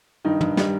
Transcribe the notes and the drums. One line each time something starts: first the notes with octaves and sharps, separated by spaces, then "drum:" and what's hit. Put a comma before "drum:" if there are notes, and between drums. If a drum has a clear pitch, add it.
G2 D#3 D#4
G2, drum: tom
G3, drum: snare